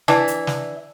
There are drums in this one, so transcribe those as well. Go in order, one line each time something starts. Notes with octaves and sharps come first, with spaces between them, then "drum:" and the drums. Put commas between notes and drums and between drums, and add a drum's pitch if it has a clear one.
E3 D4 E4, drum: snare
drum: hi-hat
drum: snare